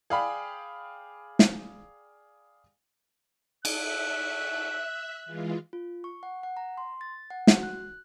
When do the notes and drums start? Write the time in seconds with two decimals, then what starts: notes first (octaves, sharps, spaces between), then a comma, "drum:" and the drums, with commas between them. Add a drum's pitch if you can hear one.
0.10 G#4 D5 F5 G5 B5
1.39 drum: snare
3.65 E5 F#6, drum: cymbal
5.26 E3 G#3 F4
5.73 F4
6.04 C#6
6.23 F#5
6.43 F#5
6.57 A#5
6.78 C6
7.01 A6
7.30 F#5
7.47 F#4, drum: snare
7.63 F#6